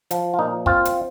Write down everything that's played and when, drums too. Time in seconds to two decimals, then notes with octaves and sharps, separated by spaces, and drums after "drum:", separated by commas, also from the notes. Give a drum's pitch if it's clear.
0.11 F3, drum: hi-hat
0.34 F4
0.39 A#2 D#4
0.66 C4 F4, drum: kick
0.85 drum: hi-hat